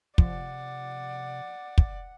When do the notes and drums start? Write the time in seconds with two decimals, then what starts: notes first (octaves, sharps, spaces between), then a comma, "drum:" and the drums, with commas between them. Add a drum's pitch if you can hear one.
0.18 C3 F3 D5 F#5, drum: kick
1.78 drum: kick